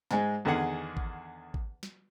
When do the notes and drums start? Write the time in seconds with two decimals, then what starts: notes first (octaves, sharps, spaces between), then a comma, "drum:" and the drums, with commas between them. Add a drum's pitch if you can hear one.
0.11 G#2 G#3, drum: snare
0.45 E2 D3 D#3 G#4 F#5
0.97 drum: kick G#1
1.54 drum: kick G#1
1.83 drum: snare